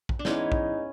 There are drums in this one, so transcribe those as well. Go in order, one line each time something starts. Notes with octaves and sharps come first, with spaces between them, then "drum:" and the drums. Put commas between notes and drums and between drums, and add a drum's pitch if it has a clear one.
drum: kick A#1
D4
E3 G#3 B3 C#4 D#4, drum: snare
drum: kick A#1